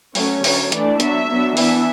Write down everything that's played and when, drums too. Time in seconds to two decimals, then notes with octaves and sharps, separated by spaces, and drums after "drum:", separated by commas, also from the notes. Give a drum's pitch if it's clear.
0.15 F#3 A3 C#4 C#5, drum: open hi-hat
0.44 D3 F#3 C#4, drum: open hi-hat
0.72 E3 A3 D4 D5, drum: hi-hat
1.00 F#3 B3 D4 E5, drum: hi-hat
1.28 F#3 B3 D4
1.57 E3 B3 D4 E5, drum: open hi-hat